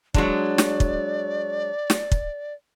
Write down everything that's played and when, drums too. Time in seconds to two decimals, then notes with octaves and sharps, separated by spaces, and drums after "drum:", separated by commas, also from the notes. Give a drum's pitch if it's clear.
0.14 F#3 G#3 D4 D5, drum: kick
0.58 drum: snare
0.80 drum: kick
1.90 drum: snare
2.12 drum: kick